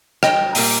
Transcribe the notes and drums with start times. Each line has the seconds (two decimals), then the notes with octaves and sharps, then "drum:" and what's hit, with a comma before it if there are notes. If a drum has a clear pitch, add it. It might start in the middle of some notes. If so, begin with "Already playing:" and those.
0.23 D#5 G5, drum: rim click
0.55 A#2 G3 A#3, drum: open hi-hat